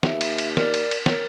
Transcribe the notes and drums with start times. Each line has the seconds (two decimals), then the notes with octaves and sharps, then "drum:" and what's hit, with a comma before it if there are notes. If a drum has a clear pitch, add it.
0.03 D#2 E5, drum: snare
0.21 drum: cymbal
0.38 drum: cymbal
0.57 A#4 D5, drum: snare
0.74 drum: cymbal
0.91 drum: cymbal
1.06 A#4 C#5 A6, drum: snare